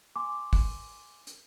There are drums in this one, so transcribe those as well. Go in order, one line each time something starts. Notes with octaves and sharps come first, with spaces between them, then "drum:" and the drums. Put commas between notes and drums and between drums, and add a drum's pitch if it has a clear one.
G#5 C6 D6
drum: kick, open hi-hat
drum: hi-hat